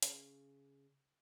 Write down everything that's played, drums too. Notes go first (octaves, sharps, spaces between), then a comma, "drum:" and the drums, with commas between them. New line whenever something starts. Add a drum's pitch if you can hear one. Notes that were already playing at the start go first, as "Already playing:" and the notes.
C#3, drum: hi-hat